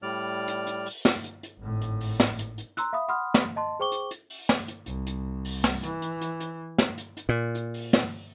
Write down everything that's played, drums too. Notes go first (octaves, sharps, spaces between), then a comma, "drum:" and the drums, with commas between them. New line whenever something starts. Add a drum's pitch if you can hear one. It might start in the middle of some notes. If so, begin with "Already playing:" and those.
A2 G3 D5 F6
drum: hi-hat
drum: hi-hat
drum: open hi-hat
drum: snare
drum: hi-hat
drum: hi-hat
G#1 A2
drum: hi-hat
drum: open hi-hat
drum: snare
drum: hi-hat
drum: hi-hat
A#5 C6 E6 F#6, drum: hi-hat
E5 F5 B5 D#6
F#5 B5 C6 D#6 F6
drum: snare
D#5 A5 C6
G#4 C5 G5 C#6 D6 G7
drum: hi-hat
drum: hi-hat
drum: open hi-hat
drum: snare
drum: hi-hat
C2, drum: hi-hat
drum: hi-hat
drum: open hi-hat
drum: snare
E3, drum: hi-hat
drum: hi-hat
drum: hi-hat
drum: hi-hat
drum: snare
drum: hi-hat
drum: hi-hat
A#2
drum: hi-hat
drum: open hi-hat
drum: snare